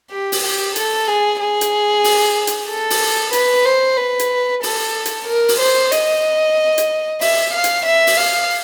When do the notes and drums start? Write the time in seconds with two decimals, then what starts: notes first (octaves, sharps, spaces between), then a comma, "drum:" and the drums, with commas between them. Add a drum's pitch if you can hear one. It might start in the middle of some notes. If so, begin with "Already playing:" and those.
0.10 G4
0.32 drum: open hi-hat
0.43 G4
0.76 A4, drum: hi-hat
1.07 G#4
1.40 G#4
1.61 drum: hi-hat
2.04 drum: open hi-hat
2.47 drum: hi-hat
2.69 A4
2.90 drum: open hi-hat
3.33 B4, drum: hi-hat
3.65 C5
3.97 B4
4.19 drum: hi-hat
4.63 A4, drum: open hi-hat
5.05 drum: hi-hat
5.27 A#4
5.49 drum: open hi-hat
5.60 C5
5.92 D#5, drum: hi-hat
6.78 drum: hi-hat
7.21 E5, drum: open hi-hat
7.54 F5
7.64 drum: hi-hat
7.85 E5
8.07 drum: open hi-hat
8.17 F5